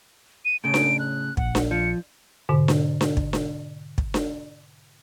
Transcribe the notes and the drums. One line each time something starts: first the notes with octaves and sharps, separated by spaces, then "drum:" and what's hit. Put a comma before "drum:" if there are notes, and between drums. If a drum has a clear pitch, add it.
D#7
A2 C#3 D7
drum: snare D4
F#6
A#1 F#5, drum: kick
drum: snare D4
F3 C#7
G#2 B2 D3
drum: snare D4
drum: snare D4
drum: kick
drum: snare D4
drum: kick
drum: snare D4